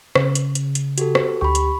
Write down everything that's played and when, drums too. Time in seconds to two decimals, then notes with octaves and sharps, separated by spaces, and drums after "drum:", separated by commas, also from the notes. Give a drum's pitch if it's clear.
0.15 C#3, drum: rim click
0.35 drum: hi-hat
0.55 drum: hi-hat
0.75 drum: hi-hat
0.98 F#4 G4 A4, drum: hi-hat
1.15 drum: rim click
1.41 D2 G4 B5 C#6
1.55 drum: hi-hat